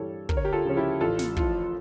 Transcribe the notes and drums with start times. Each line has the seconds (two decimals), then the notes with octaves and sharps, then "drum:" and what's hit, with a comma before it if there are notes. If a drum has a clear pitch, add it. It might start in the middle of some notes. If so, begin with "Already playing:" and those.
Already playing: G2 E3 G3 A4 C#5
0.29 D2 A#4, drum: kick
0.37 C#5
0.45 G4 A#4
0.53 F4 A4
0.65 C#3 F3 C#4
0.77 E4 G4
1.01 A1 F4 A4
1.19 drum: snare
1.37 A2 F3 F4, drum: kick
1.63 F4